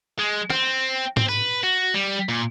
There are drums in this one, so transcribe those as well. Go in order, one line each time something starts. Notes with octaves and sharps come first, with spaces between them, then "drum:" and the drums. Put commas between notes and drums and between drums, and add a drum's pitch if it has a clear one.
G#3
C4, drum: rim click
C4, drum: tom G#2
B4
F#4
G3
A#2